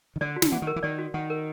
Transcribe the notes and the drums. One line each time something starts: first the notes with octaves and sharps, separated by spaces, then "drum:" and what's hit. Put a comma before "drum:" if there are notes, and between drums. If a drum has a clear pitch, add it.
D#3
D3 D5
F#4
D3, drum: snare
E3 F#5
D#3
A#4
E3
D#3 D5
F#4
D#3 F#5
A#4